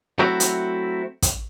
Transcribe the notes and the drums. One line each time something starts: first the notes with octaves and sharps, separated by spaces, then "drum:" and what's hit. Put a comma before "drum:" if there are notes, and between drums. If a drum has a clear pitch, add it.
F#3 A3 C4 E4 F#4
drum: hi-hat
drum: kick, hi-hat